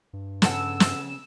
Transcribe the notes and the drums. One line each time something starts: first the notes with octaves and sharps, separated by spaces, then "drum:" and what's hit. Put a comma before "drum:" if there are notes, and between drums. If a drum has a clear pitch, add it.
G2
C#3 A4 F#5 E6 E7, drum: snare
drum: snare